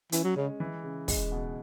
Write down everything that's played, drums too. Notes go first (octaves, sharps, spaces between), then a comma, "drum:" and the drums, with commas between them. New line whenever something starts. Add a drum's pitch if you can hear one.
E3 C#4, drum: hi-hat
F#3
C#3 G#3
E3
C#3
G#3, drum: kick, open hi-hat
B2